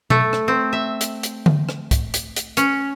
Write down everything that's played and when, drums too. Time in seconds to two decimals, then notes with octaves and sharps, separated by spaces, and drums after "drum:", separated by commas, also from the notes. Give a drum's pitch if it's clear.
0.10 A3, drum: tom B2
0.33 drum: rim click
0.48 C4
0.73 E5
1.01 drum: hi-hat
1.23 drum: hi-hat
1.46 drum: tom D3
1.69 drum: rim click
1.91 drum: kick, hi-hat
2.14 drum: hi-hat
2.36 drum: hi-hat
2.57 C#4, drum: hi-hat